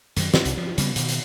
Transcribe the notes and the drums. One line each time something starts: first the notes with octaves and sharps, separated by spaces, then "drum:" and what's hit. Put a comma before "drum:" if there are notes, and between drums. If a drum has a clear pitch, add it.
F#2 D#3 E3 F#3, drum: hi-hat
G2, drum: snare
C2, drum: hi-hat
F3
C#3 G3 B3, drum: hi-hat
B2 D#3, drum: hi-hat
drum: hi-hat